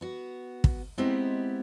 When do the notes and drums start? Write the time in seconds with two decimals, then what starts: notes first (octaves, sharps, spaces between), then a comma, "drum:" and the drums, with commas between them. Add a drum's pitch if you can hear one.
0.01 B3 F#4
0.64 drum: kick
0.98 G#3 B3 C4 D#4 E4 G4